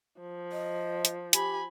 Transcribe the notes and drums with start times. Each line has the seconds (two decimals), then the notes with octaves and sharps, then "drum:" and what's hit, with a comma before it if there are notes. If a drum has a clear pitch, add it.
0.20 F3
0.52 D#5
1.05 drum: hi-hat
1.33 G4 G#5 B5, drum: hi-hat